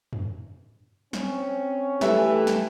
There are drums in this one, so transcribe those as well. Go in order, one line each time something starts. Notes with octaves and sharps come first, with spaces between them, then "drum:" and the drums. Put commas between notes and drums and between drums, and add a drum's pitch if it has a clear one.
drum: tom F2
C4 C#4, drum: snare
E3 A3 G4 A4 B4 E5, drum: snare
drum: snare